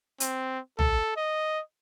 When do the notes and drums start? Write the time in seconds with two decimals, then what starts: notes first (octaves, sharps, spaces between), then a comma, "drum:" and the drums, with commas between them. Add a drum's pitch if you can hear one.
0.20 C4, drum: hi-hat
0.79 A4, drum: tom B1
1.17 D#5